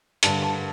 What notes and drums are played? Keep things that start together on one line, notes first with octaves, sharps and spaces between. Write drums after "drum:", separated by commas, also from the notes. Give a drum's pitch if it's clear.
G2 D3 A5, drum: hi-hat
A5